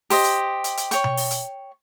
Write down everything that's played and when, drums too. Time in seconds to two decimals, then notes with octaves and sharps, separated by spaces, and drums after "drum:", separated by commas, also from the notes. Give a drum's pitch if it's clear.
0.10 G4 C5 D#5, drum: open hi-hat
0.24 drum: hi-hat
0.64 drum: hi-hat
0.77 drum: hi-hat
0.91 C#5 G5 C#6, drum: hi-hat
1.04 drum: tom B2
1.17 drum: open hi-hat
1.31 drum: hi-hat